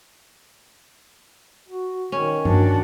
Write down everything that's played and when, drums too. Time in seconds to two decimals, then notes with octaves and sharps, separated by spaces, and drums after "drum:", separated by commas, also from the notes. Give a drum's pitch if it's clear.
1.69 F#4
2.12 D#3 C#4
2.45 D4 F#4, drum: tom G2